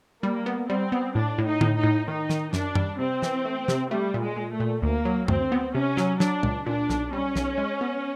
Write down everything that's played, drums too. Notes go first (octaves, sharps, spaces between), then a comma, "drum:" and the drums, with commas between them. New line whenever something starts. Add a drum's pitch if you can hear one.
G3 A#3
B3
G3 C4
B3
A2 D4
A2
D#4
A2, drum: tom
D#4
A2
D#3 D#4
D#3, drum: snare
F#2 D4, drum: snare
G3, drum: tom F#2
C3 C4
E3, drum: snare
A3
C3, drum: snare
G3 A3
A#2
G#3
A#2
A3
A#2
D2 A#3
F#3
D2 C4, drum: tom F#2
B3
C3 C#4
F#3, drum: snare
F#3 D4, drum: snare
C#2, drum: tom A#2
A#2 D4
B1, drum: snare
G3 C#4
B1, drum: snare
G#3
B3